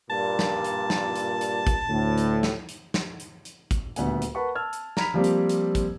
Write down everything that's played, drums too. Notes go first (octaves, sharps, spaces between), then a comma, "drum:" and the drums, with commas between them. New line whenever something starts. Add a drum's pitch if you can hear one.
G2 A#2 A5
drum: snare
drum: hi-hat
drum: snare
drum: hi-hat
drum: hi-hat
drum: kick, hi-hat
D2 A2
drum: hi-hat
drum: snare
drum: hi-hat
drum: snare
drum: hi-hat
drum: hi-hat
drum: kick, hi-hat
D#1 D2 B3 G#5, drum: hi-hat
drum: hi-hat
A#4 B4 F#5 A5 B5 C#6
A5 E6 F6 G#6
drum: hi-hat
A#5 B5 F6 G#6 B6 F7, drum: snare
F3 G3 A#3 C4
drum: hi-hat
drum: hi-hat
drum: kick, hi-hat